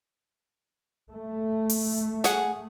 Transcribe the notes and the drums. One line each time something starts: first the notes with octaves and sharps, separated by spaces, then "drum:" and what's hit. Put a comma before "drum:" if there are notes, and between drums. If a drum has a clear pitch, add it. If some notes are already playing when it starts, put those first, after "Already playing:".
A3
drum: open hi-hat
G#4 F#5, drum: snare